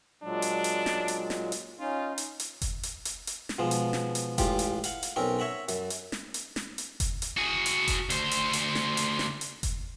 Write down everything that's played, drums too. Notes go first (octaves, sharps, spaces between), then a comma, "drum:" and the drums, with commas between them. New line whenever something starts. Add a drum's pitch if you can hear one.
A#2 F#3 G#3 D4
drum: hi-hat
drum: hi-hat
drum: snare
drum: hi-hat
drum: snare
drum: hi-hat
C#4 D#4 F4
drum: hi-hat
drum: hi-hat
drum: kick F1, hi-hat
drum: hi-hat
drum: hi-hat
drum: hi-hat
drum: snare
B2 F3 G#3
drum: hi-hat
drum: snare
drum: hi-hat
A1 G#3 F4 G4 D6, drum: kick F1, hi-hat
drum: hi-hat
F5 F#5, drum: hi-hat
drum: hi-hat
B1 C4 C#4 A#4 C6
C#5 E5 F#5 A#5
F#2, drum: hi-hat
drum: hi-hat
drum: snare
drum: hi-hat
drum: snare
drum: hi-hat
drum: kick F1, hi-hat
drum: hi-hat
F#4 G#4
drum: hi-hat
drum: kick F1, hi-hat
D2 C5, drum: hi-hat
drum: hi-hat
drum: hi-hat
drum: snare
drum: hi-hat
drum: snare
drum: hi-hat
drum: kick F1, hi-hat